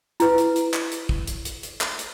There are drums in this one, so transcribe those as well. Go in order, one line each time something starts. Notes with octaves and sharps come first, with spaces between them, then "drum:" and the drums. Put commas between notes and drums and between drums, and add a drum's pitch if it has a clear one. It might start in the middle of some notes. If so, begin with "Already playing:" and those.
E4 B4, drum: hi-hat
drum: hi-hat
drum: hi-hat
drum: clap
drum: hi-hat
drum: kick
drum: hi-hat
drum: hi-hat
drum: hi-hat
drum: clap
drum: hi-hat